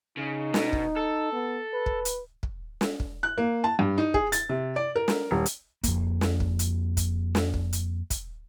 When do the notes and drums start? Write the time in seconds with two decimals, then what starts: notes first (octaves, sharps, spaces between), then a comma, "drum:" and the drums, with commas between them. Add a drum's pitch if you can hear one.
0.17 C#3 D#4
0.54 B2, drum: snare
0.73 drum: kick
0.96 A4
1.33 B3
1.74 B4
1.86 drum: kick
2.05 drum: hi-hat
2.43 drum: kick
2.81 drum: snare
3.00 drum: kick
3.23 F#6
3.38 A#3
3.64 A5
3.79 G2
3.98 D#4
4.14 G#4, drum: kick
4.32 A6, drum: hi-hat
4.49 C3
4.76 D5
4.96 A#4
5.08 drum: snare
5.31 D#1
5.46 drum: hi-hat
5.84 F2 A#3, drum: kick, hi-hat
6.21 drum: snare
6.40 drum: kick
6.59 drum: hi-hat
6.97 drum: kick, hi-hat
7.35 drum: snare
7.54 drum: kick
7.73 drum: hi-hat
8.10 drum: kick, hi-hat